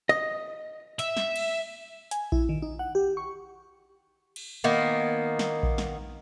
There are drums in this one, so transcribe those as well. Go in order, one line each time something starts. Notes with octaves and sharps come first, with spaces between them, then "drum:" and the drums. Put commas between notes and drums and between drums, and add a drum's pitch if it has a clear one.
D#5
E5, drum: hi-hat
drum: snare
drum: cymbal
G#5, drum: hi-hat
E4, drum: kick A#1
D#3
D#4
F#5
G4
C#6
drum: cymbal
D#3 A#3 B3
drum: snare
drum: kick A#1
drum: snare